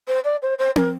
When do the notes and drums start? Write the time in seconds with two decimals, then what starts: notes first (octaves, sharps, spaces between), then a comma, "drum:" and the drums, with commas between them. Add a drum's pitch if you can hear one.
0.07 C5
0.24 D5
0.42 C5
0.58 C5
0.76 A#4, drum: tom C4